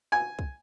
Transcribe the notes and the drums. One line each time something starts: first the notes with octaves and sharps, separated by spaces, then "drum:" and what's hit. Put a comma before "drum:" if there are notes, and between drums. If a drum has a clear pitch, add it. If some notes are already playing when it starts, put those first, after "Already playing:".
G#5
drum: kick